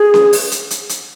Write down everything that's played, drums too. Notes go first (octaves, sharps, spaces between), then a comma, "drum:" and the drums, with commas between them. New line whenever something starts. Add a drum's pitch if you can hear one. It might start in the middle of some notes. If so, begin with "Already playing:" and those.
Already playing: G#4
drum: snare C#4
drum: open hi-hat
drum: hi-hat
drum: hi-hat
drum: hi-hat